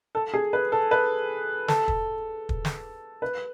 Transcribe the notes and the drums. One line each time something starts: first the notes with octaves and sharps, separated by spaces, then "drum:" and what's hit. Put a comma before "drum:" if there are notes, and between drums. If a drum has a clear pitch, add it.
A4
G#4
B4
A4
B4
A4, drum: snare
drum: kick
drum: kick
drum: snare
B4